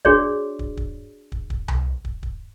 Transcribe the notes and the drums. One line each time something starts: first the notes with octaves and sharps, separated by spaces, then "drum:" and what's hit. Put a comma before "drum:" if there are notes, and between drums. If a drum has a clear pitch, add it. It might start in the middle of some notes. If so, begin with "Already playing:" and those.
D4 F#4 G#4 C#5 D5, drum: kick
drum: kick
drum: kick
drum: kick
drum: kick
drum: tom C2
drum: kick
drum: kick